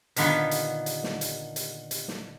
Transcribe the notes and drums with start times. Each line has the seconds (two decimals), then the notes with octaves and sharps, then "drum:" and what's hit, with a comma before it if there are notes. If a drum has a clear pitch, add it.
0.16 A#2 D3 D#3 B3, drum: hi-hat
0.51 drum: hi-hat
0.86 drum: hi-hat
1.04 drum: snare
1.21 drum: hi-hat
1.56 drum: hi-hat
1.91 drum: hi-hat
2.08 drum: snare